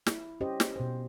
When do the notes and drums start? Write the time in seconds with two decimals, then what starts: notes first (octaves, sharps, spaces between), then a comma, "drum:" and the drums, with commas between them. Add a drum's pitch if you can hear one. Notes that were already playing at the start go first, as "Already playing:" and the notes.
0.07 E4, drum: snare
0.41 C#4 G4 C5 D#5
0.60 drum: snare
0.76 B2 C5